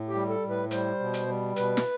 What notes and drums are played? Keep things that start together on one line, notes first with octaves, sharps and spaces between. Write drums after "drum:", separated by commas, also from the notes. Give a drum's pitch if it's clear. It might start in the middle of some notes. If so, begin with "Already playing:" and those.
Already playing: A2
G4
G3
A4
A2
B4
G3 C5, drum: hi-hat
B2
drum: hi-hat
G3
B2 B4, drum: hi-hat
drum: snare